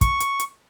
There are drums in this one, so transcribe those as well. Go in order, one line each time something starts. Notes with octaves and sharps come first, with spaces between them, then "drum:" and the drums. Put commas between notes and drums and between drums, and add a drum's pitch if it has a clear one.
C#6, drum: kick, hi-hat
drum: hi-hat
drum: hi-hat